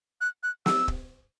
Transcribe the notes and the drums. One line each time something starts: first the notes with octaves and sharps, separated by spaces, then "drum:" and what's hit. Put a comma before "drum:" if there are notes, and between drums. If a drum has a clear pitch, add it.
F#6
F#6
E6, drum: snare
drum: kick